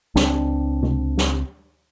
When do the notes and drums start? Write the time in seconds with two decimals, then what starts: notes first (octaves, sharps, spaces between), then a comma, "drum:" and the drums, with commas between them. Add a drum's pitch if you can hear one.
0.16 C#2 C4 D4, drum: snare
0.83 drum: tom C3
1.18 drum: snare